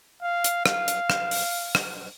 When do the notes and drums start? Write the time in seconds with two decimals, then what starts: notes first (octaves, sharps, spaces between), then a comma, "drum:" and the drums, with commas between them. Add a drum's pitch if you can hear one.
0.23 F5
0.44 drum: hi-hat
0.66 F5, drum: rim click
0.88 drum: hi-hat
1.10 drum: rim click
1.31 drum: open hi-hat
1.75 drum: rim click